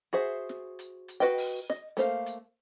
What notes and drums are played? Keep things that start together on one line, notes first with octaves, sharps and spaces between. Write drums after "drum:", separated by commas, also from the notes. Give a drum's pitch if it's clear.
F#4 G#4 C5 E5
drum: snare
drum: hi-hat
drum: hi-hat
F#4 B4 D#5 G5
drum: open hi-hat
D#5, drum: snare
A3 A#3 C5 F5, drum: hi-hat
drum: hi-hat